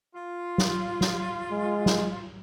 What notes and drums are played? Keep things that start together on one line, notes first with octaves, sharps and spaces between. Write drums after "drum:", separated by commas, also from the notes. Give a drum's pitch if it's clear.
F4
drum: snare
drum: snare
G#3
drum: snare